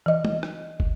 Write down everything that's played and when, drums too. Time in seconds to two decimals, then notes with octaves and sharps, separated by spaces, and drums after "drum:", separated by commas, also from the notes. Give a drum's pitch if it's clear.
0.06 E3 D#5
0.25 drum: tom
0.43 drum: rim click
0.80 drum: kick